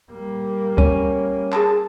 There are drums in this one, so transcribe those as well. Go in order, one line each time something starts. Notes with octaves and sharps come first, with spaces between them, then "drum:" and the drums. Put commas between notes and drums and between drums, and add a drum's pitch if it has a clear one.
G3 A#3
C#4, drum: kick C#2
G#4 A5, drum: clap